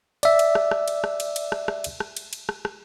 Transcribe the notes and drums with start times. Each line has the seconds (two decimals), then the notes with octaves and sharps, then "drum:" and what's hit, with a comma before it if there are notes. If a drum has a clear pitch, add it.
0.23 D5 E5, drum: cymbal
0.39 drum: cymbal
0.55 drum: rim click
0.71 drum: rim click
0.88 drum: cymbal
1.04 drum: rim click
1.20 drum: cymbal
1.36 drum: cymbal
1.52 drum: rim click
1.68 drum: rim click
1.84 drum: cymbal
2.00 drum: rim click
2.17 drum: cymbal
2.33 drum: cymbal
2.49 drum: rim click
2.65 drum: rim click